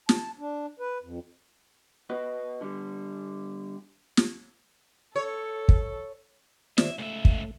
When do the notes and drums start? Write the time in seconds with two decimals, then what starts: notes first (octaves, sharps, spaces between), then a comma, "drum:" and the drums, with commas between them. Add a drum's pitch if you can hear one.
0.09 A5, drum: snare
0.39 D4
0.80 B4
1.03 F2
2.10 F#4 B4 D#5
2.61 D3 G3
4.17 drum: snare
5.16 A4 C#5
5.69 drum: kick
6.78 D#3 C5 D5 E5, drum: snare
6.99 C#2 A3 E5
7.25 drum: kick